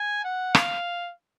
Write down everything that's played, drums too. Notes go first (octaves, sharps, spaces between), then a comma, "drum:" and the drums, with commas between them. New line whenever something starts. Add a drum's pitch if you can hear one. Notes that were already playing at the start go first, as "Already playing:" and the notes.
Already playing: G#5
F#5
F5, drum: rim click